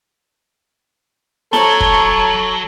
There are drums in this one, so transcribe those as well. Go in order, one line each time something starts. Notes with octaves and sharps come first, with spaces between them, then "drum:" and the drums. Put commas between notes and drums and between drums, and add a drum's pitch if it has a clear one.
F#3 A4 C#5 A5 A#5, drum: snare
drum: kick